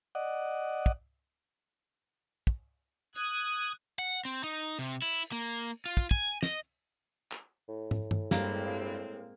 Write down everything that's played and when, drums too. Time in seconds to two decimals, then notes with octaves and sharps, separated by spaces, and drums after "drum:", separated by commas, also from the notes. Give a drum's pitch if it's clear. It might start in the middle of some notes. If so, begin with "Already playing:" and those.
0.15 D5 D#5 F#5
0.86 drum: kick
2.47 drum: kick
3.15 D#6 F#6 G#6, drum: hi-hat
3.99 F#5
4.25 C4
4.44 D#4
4.79 C3
5.02 E4, drum: open hi-hat
5.32 A#3
5.86 F4
5.97 drum: kick
6.11 G#5, drum: kick
6.43 D#5, drum: snare
7.31 drum: clap
7.68 A2
7.91 drum: tom
8.11 drum: tom G2
8.31 G2 G#3 A#3 C4, drum: snare